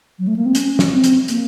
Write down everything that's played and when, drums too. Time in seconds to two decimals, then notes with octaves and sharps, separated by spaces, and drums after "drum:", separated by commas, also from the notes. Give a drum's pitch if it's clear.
0.19 F#3
0.27 A3
0.36 A#3
0.46 C4
0.55 C#4, drum: hi-hat
0.79 drum: snare
0.92 C4
1.04 drum: hi-hat
1.28 A#3, drum: hi-hat